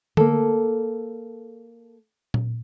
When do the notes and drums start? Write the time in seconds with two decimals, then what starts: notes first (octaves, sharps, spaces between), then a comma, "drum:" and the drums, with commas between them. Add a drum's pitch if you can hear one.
0.17 A#3 A4, drum: tom D3
2.34 drum: tom A#2